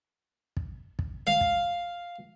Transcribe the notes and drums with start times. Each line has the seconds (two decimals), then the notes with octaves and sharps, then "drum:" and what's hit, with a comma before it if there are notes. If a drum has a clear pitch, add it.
0.57 drum: kick
0.99 drum: kick
1.27 F5
1.41 drum: kick